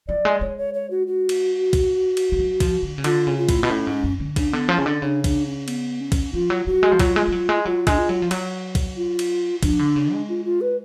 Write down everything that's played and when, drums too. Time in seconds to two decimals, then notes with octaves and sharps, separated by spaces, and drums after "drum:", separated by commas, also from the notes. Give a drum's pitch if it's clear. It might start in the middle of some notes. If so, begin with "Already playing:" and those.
0.08 F#3 D5
0.25 G#3
0.41 G#3 C#5
0.58 C#5
0.74 C#5
0.91 F#4
1.07 F#4
1.29 drum: cymbal
1.73 drum: kick C2, cymbal
2.17 drum: cymbal
2.32 G#3
2.39 F#3
2.60 F3, drum: kick C2, cymbal
2.83 D3
2.98 C#3
3.04 D3 F4, drum: cymbal
3.27 C#3
3.38 F4
3.49 A2, drum: kick C2, cymbal
3.63 B2
3.70 A2 C#4
3.87 G#2
4.04 F#2
4.20 D3
4.36 C#3 D4, drum: kick C2, cymbal
4.53 D3 B3
4.69 F3 C#4
4.78 C#3
4.86 D3 D4
5.02 C#3 D4
5.24 D4, drum: kick C2, cymbal
5.46 C#4
5.68 B3, drum: cymbal
6.01 C#4
6.12 drum: kick C2, cymbal
6.34 F3 F4
6.50 F#3
6.66 F#3 F#4
6.83 G#3
6.92 F3
6.99 F#3 F4, drum: kick C2, cymbal
7.16 G#3
7.28 G#3
7.32 F#3
7.49 G#3
7.65 F#3 F4
7.87 G#3 D4, drum: kick C2, cymbal
7.98 F4
8.09 F#3
8.22 F3
8.31 F#3, drum: cymbal
8.75 drum: kick C2, cymbal
8.97 F4
9.19 drum: cymbal
9.63 F3 D4, drum: kick C2, cymbal
9.79 D3
9.96 C#3
10.12 G#3
10.29 F4
10.45 F4
10.61 B4